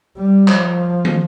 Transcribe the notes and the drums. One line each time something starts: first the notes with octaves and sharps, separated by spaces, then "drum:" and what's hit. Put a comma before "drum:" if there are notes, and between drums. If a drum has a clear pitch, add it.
G3
F3, drum: clap
drum: tom